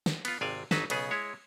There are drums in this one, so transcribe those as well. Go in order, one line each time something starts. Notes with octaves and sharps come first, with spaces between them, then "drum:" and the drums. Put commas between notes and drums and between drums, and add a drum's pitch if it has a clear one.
drum: snare
B3 F4, drum: cymbal
G#1 C3 D5 F5 G#5
G1 F#3 D#4 B4 A5, drum: snare
B1 C#3 B3 G#4, drum: cymbal
G#3 E4 C#5